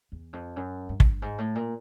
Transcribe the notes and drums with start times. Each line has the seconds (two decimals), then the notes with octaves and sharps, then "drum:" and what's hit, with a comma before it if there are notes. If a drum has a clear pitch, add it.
0.12 E2
0.33 F2
0.56 F#2
0.89 G2
1.00 drum: kick
1.22 G#2
1.38 A2
1.55 A#2